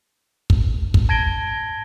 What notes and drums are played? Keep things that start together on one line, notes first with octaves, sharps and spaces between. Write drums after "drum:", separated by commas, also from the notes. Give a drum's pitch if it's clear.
drum: kick
drum: kick
A5 G#6 A#6 D7 G7